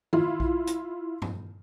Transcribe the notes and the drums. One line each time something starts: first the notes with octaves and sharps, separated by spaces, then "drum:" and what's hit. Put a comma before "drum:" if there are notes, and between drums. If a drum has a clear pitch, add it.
E4 F4, drum: tom D#3
drum: kick A#1
drum: hi-hat
drum: tom G2